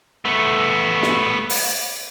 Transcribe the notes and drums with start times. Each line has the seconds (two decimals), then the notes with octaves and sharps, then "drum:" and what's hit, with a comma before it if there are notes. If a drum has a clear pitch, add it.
0.25 A3 B3
1.03 drum: snare
1.50 drum: open hi-hat